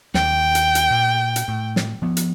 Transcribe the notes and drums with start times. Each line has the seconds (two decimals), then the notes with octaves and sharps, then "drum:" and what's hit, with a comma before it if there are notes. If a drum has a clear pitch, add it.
0.14 D#2 G5, drum: snare
0.55 drum: hi-hat
0.75 drum: hi-hat
0.91 A#2
1.36 drum: hi-hat
1.48 A2
1.76 drum: snare
2.02 F3 B3
2.17 drum: hi-hat